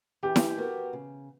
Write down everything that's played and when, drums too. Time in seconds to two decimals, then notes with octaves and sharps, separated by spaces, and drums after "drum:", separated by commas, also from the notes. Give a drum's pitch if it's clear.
0.23 E3 G4
0.36 drum: snare E4
0.57 B3 F#4 A#4
0.93 C#3